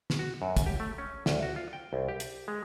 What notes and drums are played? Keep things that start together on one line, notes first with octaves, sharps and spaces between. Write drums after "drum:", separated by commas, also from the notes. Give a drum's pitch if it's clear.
drum: snare
F#4
F#2
drum: kick, hi-hat
G4
A3
C#4
D2, drum: snare
F#4
F4
G5
C2
G4
drum: hi-hat
G#3